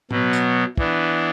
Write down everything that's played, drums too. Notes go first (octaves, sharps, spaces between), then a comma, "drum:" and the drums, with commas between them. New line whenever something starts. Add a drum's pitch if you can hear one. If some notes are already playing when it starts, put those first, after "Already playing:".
B2 F#3 B3, drum: tom A2
drum: hi-hat
E3 B3 D4, drum: kick